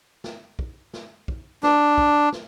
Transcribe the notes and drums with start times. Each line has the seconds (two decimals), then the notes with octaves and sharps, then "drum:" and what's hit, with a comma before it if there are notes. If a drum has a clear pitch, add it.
0.24 drum: snare
0.59 drum: kick
0.94 drum: snare
1.28 drum: kick
1.63 D4, drum: snare
1.98 drum: kick
2.32 drum: snare